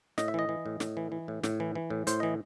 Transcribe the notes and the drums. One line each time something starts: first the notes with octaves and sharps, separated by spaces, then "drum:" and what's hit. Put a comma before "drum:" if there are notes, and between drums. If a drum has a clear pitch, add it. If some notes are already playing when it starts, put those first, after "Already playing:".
A2 D#5, drum: snare
E5
E3 D#5
E3
A2
A2, drum: snare
E3
E3
A2
A2, drum: snare
E3
E3
A2
A2 C5, drum: hi-hat
E3 D#5